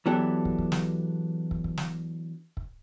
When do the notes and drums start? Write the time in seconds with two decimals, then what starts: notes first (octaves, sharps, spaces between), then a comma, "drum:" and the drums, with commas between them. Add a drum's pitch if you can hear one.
0.06 E3 F#3 B3 D4 G4 A4
0.45 drum: kick
0.59 drum: kick
0.72 drum: snare
1.51 drum: kick
1.64 drum: kick
1.77 drum: snare
2.57 drum: kick